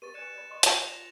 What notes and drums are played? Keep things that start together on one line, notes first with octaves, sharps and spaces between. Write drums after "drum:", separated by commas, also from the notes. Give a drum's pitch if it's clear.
G4 B4 C#6 A6 D#7
D5 G#5 F#6 C#7 E7
D5 B5
D#5 C6 C#6
F4 D5 F7, drum: hi-hat
A#6 E7